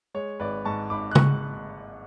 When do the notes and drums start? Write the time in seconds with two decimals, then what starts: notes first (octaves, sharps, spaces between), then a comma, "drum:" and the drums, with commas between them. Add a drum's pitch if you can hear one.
0.14 G#3 C#5
0.40 G#1 B4 D5
0.65 G#2 A5 C#6
0.90 G#1 B5 D6
1.11 F#6
1.15 G#3 C#6, drum: tom C#3